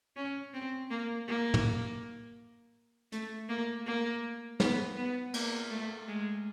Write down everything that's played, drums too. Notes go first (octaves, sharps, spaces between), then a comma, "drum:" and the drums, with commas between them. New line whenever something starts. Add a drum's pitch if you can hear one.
C#4
C4
A#3
A#3
drum: tom
A3, drum: hi-hat
A#3
A#3
B3, drum: snare
B3
A#3, drum: cymbal
A3
G#3